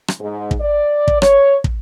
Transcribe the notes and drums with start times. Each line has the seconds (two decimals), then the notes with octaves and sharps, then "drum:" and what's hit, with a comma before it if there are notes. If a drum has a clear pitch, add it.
0.08 drum: rim click
0.20 G#2
0.51 drum: kick
0.61 D5
1.08 drum: kick
1.22 C#5, drum: rim click
1.64 drum: kick